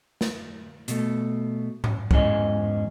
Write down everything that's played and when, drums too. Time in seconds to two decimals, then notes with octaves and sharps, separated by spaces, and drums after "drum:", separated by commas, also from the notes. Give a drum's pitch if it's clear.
0.21 drum: snare
0.88 B2 A3, drum: hi-hat
1.84 drum: tom G#2
2.11 E2 G#2 C#4 G#4 D#5, drum: kick